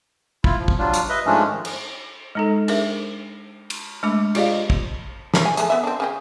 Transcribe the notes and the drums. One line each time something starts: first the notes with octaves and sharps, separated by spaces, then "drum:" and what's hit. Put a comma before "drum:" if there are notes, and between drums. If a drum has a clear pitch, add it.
E4 F4, drum: kick
F3
drum: kick
F#3 G3 D4 F4
drum: hi-hat
B4 D#5 E5
G#2 F3 G#3 A3 C#4 D4
D#3
drum: cymbal
G#3 D#4 A4
D4 G#4 A#4 E5, drum: cymbal
drum: cymbal
G#3 A3 D4 B5 D6
F4 G4 G#4 D5 D#5 F5, drum: cymbal
drum: kick
F3 A#4 C#5, drum: snare
G#5
G#3 A3 G#4, drum: hi-hat
B3 E5
C4 D4
C#3 G#4 G5